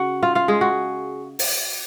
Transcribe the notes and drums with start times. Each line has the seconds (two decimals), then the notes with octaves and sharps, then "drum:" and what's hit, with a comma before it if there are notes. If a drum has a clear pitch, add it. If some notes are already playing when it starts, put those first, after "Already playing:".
Already playing: C#3 F#4 F#5
0.23 F4 F5
0.35 F4 F5
0.48 G#3 G#4
0.61 F#4
1.39 drum: open hi-hat